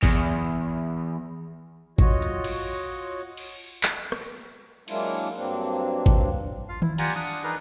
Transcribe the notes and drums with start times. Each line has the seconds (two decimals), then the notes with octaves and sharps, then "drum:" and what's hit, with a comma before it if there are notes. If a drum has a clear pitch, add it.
0.03 E2, drum: kick G#1
1.98 F4 F#4 C#5 D#5, drum: kick G#1
2.22 drum: hi-hat
2.44 drum: cymbal
3.37 drum: cymbal
3.83 drum: clap
4.12 drum: rim click
4.88 F#3 G#3 A#3 D4 E4 F4, drum: cymbal
5.35 G2 F#3 A#3 C4 D4
6.06 drum: kick G#1
6.69 F4 F5
6.82 E4, drum: tom D#3
6.98 F4 G4 D5 F#5 G#5 A#5, drum: cymbal
7.15 D4 F#5 D#6
7.44 D#4 G#4 A#4 B4 D5 A#5